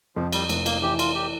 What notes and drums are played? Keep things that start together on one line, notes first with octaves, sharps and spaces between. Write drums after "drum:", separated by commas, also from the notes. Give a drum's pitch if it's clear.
F2 F3
G3, drum: cymbal
F1, drum: cymbal
A#3, drum: cymbal
E3 G4
F4, drum: cymbal
G4